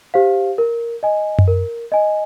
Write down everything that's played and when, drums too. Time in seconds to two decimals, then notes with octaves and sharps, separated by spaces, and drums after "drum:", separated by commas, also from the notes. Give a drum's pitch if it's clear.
0.14 G4 C5 F5
0.58 A#4
1.03 D#5 G#5
1.39 drum: tom F#2
1.48 A#4
1.92 D#5 G#5